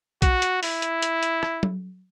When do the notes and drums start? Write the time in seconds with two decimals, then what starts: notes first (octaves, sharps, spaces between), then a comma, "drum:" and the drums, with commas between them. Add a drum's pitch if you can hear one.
0.22 F#4, drum: kick B1, hi-hat
0.42 drum: hi-hat
0.63 E4, drum: open hi-hat
0.82 drum: hi-hat
1.02 drum: hi-hat
1.23 drum: hi-hat
1.43 drum: rim click
1.63 drum: tom F#3